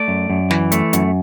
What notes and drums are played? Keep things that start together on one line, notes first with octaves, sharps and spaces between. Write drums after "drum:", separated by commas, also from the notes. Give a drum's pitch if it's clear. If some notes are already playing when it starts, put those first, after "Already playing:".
Already playing: A3 D5
F#2
F#2
E3, drum: snare
A3, drum: hi-hat
F#2, drum: hi-hat